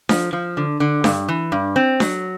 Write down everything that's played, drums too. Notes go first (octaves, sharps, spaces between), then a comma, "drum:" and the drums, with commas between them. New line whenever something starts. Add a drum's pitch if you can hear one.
F3, drum: snare D4
F3
D3
D3
G2, drum: snare D4
E3
G2
C4
F#3, drum: snare D4